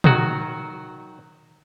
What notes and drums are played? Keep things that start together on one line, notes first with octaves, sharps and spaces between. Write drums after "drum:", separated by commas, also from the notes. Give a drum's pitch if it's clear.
D#3 F#3 F#4, drum: tom A#2